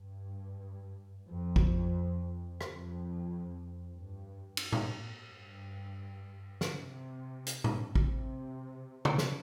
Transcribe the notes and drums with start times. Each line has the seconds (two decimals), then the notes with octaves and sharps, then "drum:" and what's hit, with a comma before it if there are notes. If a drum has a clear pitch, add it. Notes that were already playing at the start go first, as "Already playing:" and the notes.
Already playing: G2
1.27 F2
1.56 drum: kick
2.61 F2, drum: rim click
3.94 G2
4.57 drum: cymbal
4.72 drum: tom A2
5.28 G2
6.61 C3, drum: snare
7.47 drum: hi-hat
7.64 drum: tom A2
7.95 C3, drum: kick
9.05 drum: tom C3
9.18 drum: snare